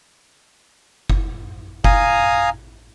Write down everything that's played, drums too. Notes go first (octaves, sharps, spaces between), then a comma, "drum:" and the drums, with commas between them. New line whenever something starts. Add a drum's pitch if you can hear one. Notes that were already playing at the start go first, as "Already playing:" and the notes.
drum: kick F#1
F5 G#5 A#5 D#6, drum: kick F#1